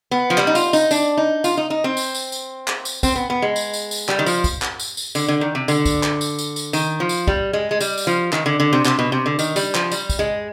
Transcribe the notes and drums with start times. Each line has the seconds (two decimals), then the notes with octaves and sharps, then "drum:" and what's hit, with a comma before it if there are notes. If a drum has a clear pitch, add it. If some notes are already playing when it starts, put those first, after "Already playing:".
0.11 B3
0.30 F3
0.37 G3, drum: clap
0.47 D#4
0.55 F4, drum: tambourine
0.73 D#4, drum: tambourine
0.91 D4, drum: tambourine
1.17 D#4
1.44 F4, drum: tambourine
1.57 D#4
1.70 D#4
1.84 C4
1.97 drum: tambourine
2.15 drum: tambourine
2.32 drum: tambourine
2.68 drum: clap
2.85 drum: tambourine
3.03 C4, drum: kick, tambourine
3.15 B3
3.30 B3
3.42 G#3
3.56 drum: tambourine
3.74 drum: tambourine
3.91 drum: tambourine
4.09 G3, drum: clap
4.19 D#3
4.26 F3, drum: tambourine
4.44 drum: kick, tambourine
4.62 drum: clap
4.80 drum: tambourine
4.97 drum: tambourine
5.15 D3, drum: tambourine
5.28 D3
5.41 D#3
5.55 C3
5.68 D3, drum: tambourine
5.86 drum: kick, tambourine
6.03 drum: clap
6.21 drum: tambourine
6.39 drum: tambourine
6.56 drum: tambourine
6.73 D#3, drum: tambourine
7.00 F3
7.09 drum: tambourine
7.27 G3, drum: kick
7.53 G#3
7.71 G#3
7.80 G3, drum: tambourine
7.98 drum: tambourine
8.07 F3
8.33 D#3, drum: clap
8.46 D3
8.60 D3
8.73 C3
8.85 C3, drum: clap
8.99 B2
9.12 C3
9.26 D3
9.39 D#3, drum: tambourine
9.56 G3, drum: tambourine
9.75 F3, drum: clap
9.92 G3, drum: tambourine
10.10 drum: kick, tambourine
10.19 G#3